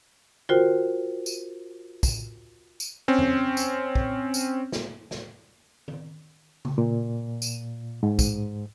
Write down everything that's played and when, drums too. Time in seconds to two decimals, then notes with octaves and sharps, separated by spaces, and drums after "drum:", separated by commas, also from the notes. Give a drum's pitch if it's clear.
0.49 F4 F#4 A#4 C5 G5, drum: tom D#3
1.26 drum: tambourine
2.03 drum: kick, tambourine
2.80 drum: tambourine
3.08 C4 C#4
3.18 drum: tom E2
3.57 drum: tambourine
3.95 drum: kick
4.34 drum: tambourine
4.72 drum: snare
5.11 drum: snare
5.88 drum: tom D#3
6.65 drum: tom C#3
6.78 A#2
7.42 drum: tambourine
8.03 G#2
8.19 drum: kick, tambourine